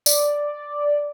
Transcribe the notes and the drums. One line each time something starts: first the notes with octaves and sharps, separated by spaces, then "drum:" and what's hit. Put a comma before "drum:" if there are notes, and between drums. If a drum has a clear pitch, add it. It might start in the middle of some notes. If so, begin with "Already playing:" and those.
D5, drum: tambourine